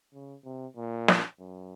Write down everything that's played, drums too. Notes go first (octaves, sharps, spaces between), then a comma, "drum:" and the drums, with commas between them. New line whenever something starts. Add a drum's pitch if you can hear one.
C#3
C3
A#2
drum: snare
F#2